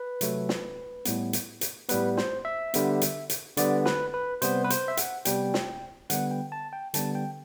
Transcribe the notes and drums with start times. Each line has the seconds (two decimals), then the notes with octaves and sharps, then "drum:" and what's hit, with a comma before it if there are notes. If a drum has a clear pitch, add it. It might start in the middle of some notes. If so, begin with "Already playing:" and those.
Already playing: B4
0.21 C3 F#3 A3, drum: hi-hat
0.49 drum: snare
1.05 A2 G3 B3, drum: hi-hat
1.33 drum: hi-hat
1.61 drum: hi-hat
1.89 A2 G3 B3 B4, drum: hi-hat
2.17 C5, drum: snare
2.45 E5
2.74 D3 G3 B3, drum: hi-hat
3.01 drum: hi-hat
3.30 drum: hi-hat
3.57 D3 G3 B3 D5, drum: hi-hat
3.86 B4, drum: snare
4.14 B4
4.42 C3 G3 B3 C5, drum: hi-hat
4.64 B4
4.70 C5, drum: hi-hat
4.88 E5
4.97 F#5, drum: hi-hat
5.25 C3 G3 B3 G5, drum: hi-hat
5.54 drum: snare
6.10 D3 G3 B3 F#5, drum: hi-hat
6.31 G5
6.52 A5
6.73 G5
6.94 D3 G3 B3 A5, drum: hi-hat
7.15 G5